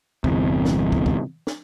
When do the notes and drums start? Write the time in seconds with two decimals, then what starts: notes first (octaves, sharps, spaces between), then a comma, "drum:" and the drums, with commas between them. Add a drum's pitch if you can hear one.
0.24 G1 E2 C3, drum: kick
0.65 drum: snare
0.92 drum: kick
1.06 drum: kick
1.47 drum: snare